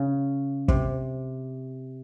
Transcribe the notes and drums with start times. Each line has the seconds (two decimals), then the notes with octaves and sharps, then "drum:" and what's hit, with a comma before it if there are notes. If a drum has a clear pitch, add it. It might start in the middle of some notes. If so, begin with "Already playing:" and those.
Already playing: C#3
0.68 C3, drum: kick